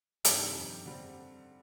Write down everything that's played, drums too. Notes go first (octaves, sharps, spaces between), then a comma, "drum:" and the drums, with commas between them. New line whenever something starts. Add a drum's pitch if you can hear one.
G2 C3 D#3 G3 D4 G4, drum: hi-hat
F2
D3 G3 C4